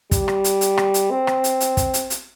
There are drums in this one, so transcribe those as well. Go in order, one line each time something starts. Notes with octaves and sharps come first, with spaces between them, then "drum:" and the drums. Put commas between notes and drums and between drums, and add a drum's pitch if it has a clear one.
G3, drum: kick, hi-hat
drum: rim click
drum: hi-hat
drum: hi-hat
drum: rim click
drum: hi-hat
C4
drum: rim click
drum: hi-hat
drum: hi-hat
drum: kick, hi-hat
drum: hi-hat
drum: hi-hat